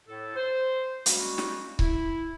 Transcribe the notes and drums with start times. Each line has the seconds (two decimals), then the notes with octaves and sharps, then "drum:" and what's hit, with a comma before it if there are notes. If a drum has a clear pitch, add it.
0.08 A2 A4
0.36 C5
1.06 G3 G#3 A#3 C#4 F#4, drum: hi-hat
1.38 drum: snare
1.79 E4, drum: kick C#1